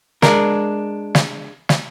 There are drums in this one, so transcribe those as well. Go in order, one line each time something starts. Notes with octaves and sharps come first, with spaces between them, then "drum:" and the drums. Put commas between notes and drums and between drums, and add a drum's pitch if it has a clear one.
G#3 D4 A#4, drum: snare
drum: snare
drum: snare